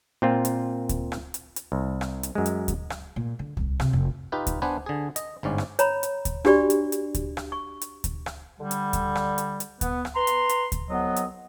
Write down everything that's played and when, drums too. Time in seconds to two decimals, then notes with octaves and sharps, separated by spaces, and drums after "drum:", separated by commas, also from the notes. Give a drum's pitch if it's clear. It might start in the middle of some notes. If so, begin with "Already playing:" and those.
0.22 A#2 C4 F4
0.45 drum: hi-hat
0.89 drum: kick D2, hi-hat
1.12 drum: rim click
1.34 drum: hi-hat
1.56 drum: hi-hat
1.72 C2
2.01 drum: rim click
2.23 drum: hi-hat
2.35 F#2 G#3
2.46 drum: hi-hat
2.68 drum: kick D2, hi-hat
2.90 drum: rim click
3.16 A#2
3.39 D3
3.57 C2, drum: kick D2
3.80 C#2 C3, drum: rim click
3.93 F1
4.32 D#4 F4 G4 B4
4.47 drum: kick D2, hi-hat
4.62 B3 D4 B4 C5 G#5
4.86 D3 G#4
5.16 D#5, drum: hi-hat
5.43 G1 G#2 C#4 D5
5.58 drum: rim click
5.79 C#5 A#5 B5, drum: hi-hat
6.03 drum: hi-hat
6.25 drum: kick D2, hi-hat
6.45 D4 F#4 G4 D5 B5, drum: rim click
6.70 drum: hi-hat
6.92 drum: hi-hat
7.15 drum: kick D2, hi-hat
7.37 drum: rim click
7.52 C#6
7.82 drum: hi-hat
8.04 drum: kick D2, hi-hat
8.26 drum: rim click
8.61 D3 G3
8.71 drum: hi-hat
8.93 drum: kick D2, hi-hat
9.15 drum: rim click
9.38 drum: hi-hat
9.60 drum: hi-hat
9.81 B3, drum: kick D2, hi-hat
10.05 drum: rim click
10.16 B4 A#5 C6
10.27 drum: hi-hat
10.49 drum: hi-hat
10.72 drum: kick D2, hi-hat
10.89 C2 F#3 B3 D#5
11.16 drum: hi-hat